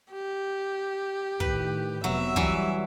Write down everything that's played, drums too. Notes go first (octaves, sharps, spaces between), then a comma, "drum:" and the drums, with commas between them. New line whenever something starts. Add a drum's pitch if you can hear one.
G4
A2 D#3 B4, drum: kick
F1 F#3 B3 E5
E3 F#3 G3 G#5, drum: kick